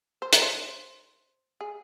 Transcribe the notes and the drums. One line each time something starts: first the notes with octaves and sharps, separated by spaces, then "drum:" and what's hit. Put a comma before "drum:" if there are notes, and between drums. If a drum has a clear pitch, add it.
C5
A#4, drum: hi-hat
C5
G#4